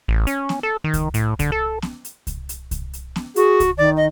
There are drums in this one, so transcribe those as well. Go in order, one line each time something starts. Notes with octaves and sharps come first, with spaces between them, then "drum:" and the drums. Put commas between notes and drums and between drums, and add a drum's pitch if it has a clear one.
A1
C#4, drum: hi-hat
drum: snare
A4
D#3
drum: kick C2, hi-hat
A2, drum: hi-hat
D3, drum: kick C2, hi-hat
A4
drum: snare
drum: hi-hat
drum: kick C2, hi-hat
drum: hi-hat
drum: kick C2, hi-hat
drum: hi-hat
drum: snare
F#4 G#4, drum: hi-hat
drum: kick C2, hi-hat
D#3 D5
D#5